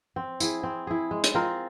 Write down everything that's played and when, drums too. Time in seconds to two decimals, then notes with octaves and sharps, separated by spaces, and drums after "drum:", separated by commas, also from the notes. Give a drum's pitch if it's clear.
0.16 C4
0.40 E4 G#4, drum: tambourine
0.63 C4
0.87 E4 G#4
1.11 G#3
1.24 drum: hi-hat
1.35 C4 F4 A#4